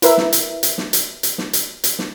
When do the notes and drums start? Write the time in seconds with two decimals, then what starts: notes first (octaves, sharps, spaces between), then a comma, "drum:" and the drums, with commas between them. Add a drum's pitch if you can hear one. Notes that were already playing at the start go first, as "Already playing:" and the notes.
0.02 E4 A#4 B4 E5, drum: hi-hat
0.17 drum: snare
0.33 drum: hi-hat
0.63 drum: hi-hat
0.78 drum: snare
0.93 drum: hi-hat
1.23 drum: hi-hat
1.38 drum: snare
1.53 drum: hi-hat
1.84 drum: hi-hat
1.99 drum: snare